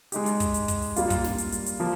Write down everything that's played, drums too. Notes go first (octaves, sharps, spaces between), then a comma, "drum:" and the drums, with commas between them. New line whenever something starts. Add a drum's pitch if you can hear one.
G#3 D#4 G4, drum: hi-hat
drum: hi-hat
drum: kick, hi-hat
drum: hi-hat
drum: kick, hi-hat
drum: open hi-hat
G3 A#3 F4, drum: hi-hat
drum: kick, hi-hat
drum: snare
drum: hi-hat
drum: hi-hat
drum: hi-hat
F3 A#3